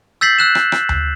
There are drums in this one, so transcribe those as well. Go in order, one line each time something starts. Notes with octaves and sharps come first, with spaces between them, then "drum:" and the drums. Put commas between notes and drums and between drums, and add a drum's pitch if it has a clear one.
E6 G6 A6 B6 C7 F#7
E6 F#6 E7
drum: rim click
drum: rim click
drum: tom D2